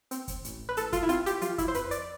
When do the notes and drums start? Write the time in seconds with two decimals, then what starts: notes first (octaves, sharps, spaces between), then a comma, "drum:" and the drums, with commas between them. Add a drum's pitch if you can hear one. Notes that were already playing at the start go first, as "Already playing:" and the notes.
0.11 C4, drum: hi-hat
0.28 drum: kick, hi-hat
0.44 A1, drum: hi-hat
0.69 B4
0.77 A1 A4, drum: hi-hat
0.93 F4, drum: kick, hi-hat
1.03 E4
1.09 C4 F4, drum: hi-hat
1.26 G4, drum: hi-hat
1.41 F3 F4, drum: hi-hat
1.58 E4, drum: kick, hi-hat
1.68 C5
1.74 F2 B4, drum: hi-hat
1.91 D5, drum: hi-hat